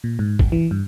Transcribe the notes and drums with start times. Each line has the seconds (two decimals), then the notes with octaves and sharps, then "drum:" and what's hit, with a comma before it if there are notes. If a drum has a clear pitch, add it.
0.04 A#2
0.19 G#2
0.39 G#1, drum: kick
0.52 E3
0.71 G2